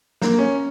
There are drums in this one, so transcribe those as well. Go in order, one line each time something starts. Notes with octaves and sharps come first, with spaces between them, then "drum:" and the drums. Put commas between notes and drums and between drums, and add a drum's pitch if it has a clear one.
A#3, drum: snare
C#4